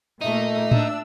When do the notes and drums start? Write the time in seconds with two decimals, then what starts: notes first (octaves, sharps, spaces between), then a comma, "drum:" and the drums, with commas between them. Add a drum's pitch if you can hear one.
0.21 A#2 A3 A#3 D#4 E5
0.71 D4 E6, drum: tom A2